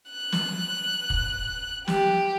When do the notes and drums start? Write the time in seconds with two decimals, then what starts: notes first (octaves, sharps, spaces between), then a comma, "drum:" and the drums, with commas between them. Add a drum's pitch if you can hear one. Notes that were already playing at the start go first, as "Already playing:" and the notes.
0.12 F#6
0.32 drum: snare
1.10 drum: kick
1.88 G4, drum: snare